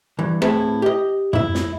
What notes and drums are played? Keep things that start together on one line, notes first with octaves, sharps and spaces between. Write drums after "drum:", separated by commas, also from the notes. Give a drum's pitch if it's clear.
G2 E3
A2 C4 E4 G#4 B4 A5, drum: rim click
G4 D#5
E4 E5, drum: tom
drum: snare